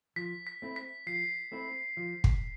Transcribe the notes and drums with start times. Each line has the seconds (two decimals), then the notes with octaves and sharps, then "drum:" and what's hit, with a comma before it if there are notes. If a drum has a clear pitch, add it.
0.16 F3 B6
0.47 B6
0.62 A3 C4 E4
0.76 B6
1.07 F3 C7
1.52 A3 C4 E4
1.97 F3
2.24 drum: kick